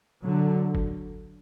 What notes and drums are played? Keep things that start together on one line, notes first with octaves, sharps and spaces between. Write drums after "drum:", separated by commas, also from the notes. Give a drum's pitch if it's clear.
D3 F#3
drum: kick F#1